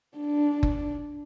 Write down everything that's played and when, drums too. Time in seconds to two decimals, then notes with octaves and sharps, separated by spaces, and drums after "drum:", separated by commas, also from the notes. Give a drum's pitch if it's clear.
0.18 D4
0.63 drum: kick F#1